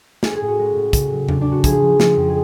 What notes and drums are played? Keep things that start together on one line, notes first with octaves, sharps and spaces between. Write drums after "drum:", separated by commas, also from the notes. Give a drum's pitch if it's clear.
C#4 G#4, drum: snare
G#4
A2
F#4
G#3
A2
C#3, drum: kick, hi-hat
F#3
C#3 D4, drum: tom E2
D4
C#4 F#4
F3 G#4, drum: kick, hi-hat
F3
F3, drum: snare
F2
G#4